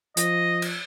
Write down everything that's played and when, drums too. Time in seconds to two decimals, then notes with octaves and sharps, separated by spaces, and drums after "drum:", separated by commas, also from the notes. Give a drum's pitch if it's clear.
0.17 F3 D#5, drum: hi-hat
0.62 drum: cymbal